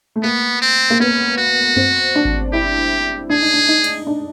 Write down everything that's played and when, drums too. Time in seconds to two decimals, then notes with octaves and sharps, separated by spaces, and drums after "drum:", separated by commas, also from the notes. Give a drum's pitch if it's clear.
0.16 A3
0.23 A#3 B3
0.61 C4
0.90 A#3
1.00 B3 C#4
1.38 F#4
1.76 C4, drum: tom F#2
2.15 D4
2.25 drum: kick G#1
2.53 E4 G4
3.30 D4 G#4
3.42 D#4
3.53 D4
3.69 D#4
3.84 drum: cymbal
4.07 D4